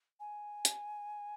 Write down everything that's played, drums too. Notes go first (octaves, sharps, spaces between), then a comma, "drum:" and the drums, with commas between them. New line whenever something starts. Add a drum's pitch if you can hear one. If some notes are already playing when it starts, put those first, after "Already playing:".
G#5
drum: hi-hat